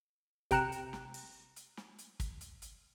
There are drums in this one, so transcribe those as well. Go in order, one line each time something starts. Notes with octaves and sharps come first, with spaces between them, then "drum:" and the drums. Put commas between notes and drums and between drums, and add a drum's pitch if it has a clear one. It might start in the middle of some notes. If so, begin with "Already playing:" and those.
C3 G5 A#5 F#6 C#7 E7, drum: kick, hi-hat
drum: hi-hat
drum: snare
drum: open hi-hat
drum: hi-hat
drum: snare
drum: hi-hat
drum: kick, hi-hat
drum: hi-hat
drum: hi-hat